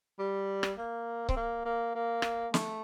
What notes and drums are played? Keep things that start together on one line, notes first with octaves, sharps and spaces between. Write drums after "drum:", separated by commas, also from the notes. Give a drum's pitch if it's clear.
G3
drum: rim click
A#3
C4, drum: kick C#1
A#3
A#3
A#3
drum: rim click
A3, drum: snare